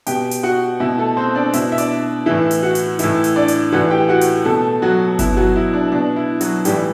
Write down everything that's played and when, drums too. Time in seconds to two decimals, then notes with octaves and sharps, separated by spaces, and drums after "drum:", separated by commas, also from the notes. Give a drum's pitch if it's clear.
0.07 B2 G4 G5, drum: hi-hat
0.31 drum: hi-hat
0.43 F#4 F#5
0.80 B2 E4 E5
0.98 A3 A4
1.17 C4 C5
1.35 D4 D5
1.53 B2 E4 E5, drum: hi-hat
1.72 E5
1.78 D4 D5, drum: hi-hat
2.26 A2 E3 E4 E5
2.51 drum: hi-hat
2.63 F#4 F#5
2.75 drum: hi-hat
2.99 A2 E3 E4 E5, drum: hi-hat
3.24 drum: hi-hat
3.36 D4 D5
3.48 drum: hi-hat
3.72 A2 E3 F#4 F#5
3.91 G4 G5
4.09 F#4 F#5
4.21 drum: hi-hat
4.45 B2 A3 A4
4.82 F#3 F#4
5.19 B2 E4, drum: kick G1, hi-hat
5.36 F#3 F#4
5.56 E4
5.73 D4
5.92 B2 D4
6.16 E4
6.41 F#3 F#4, drum: hi-hat
6.65 A2 E3 G3 G4, drum: hi-hat